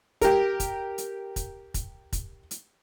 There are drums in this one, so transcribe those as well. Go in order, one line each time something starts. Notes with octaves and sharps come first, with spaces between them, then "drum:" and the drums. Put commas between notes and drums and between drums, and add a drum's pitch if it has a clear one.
G4 A#4, drum: kick, hi-hat
drum: kick, hi-hat
drum: hi-hat
drum: kick, hi-hat
drum: kick, hi-hat
drum: kick, hi-hat
drum: hi-hat